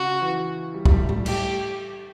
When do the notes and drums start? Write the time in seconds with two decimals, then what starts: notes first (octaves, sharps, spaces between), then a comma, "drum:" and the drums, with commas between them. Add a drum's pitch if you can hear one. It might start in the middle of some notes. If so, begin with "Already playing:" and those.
Already playing: C#3 F#4
0.21 E3
0.74 G3
0.85 G3, drum: kick
0.92 A3
1.09 G3, drum: tom A2
1.26 A3 G4, drum: cymbal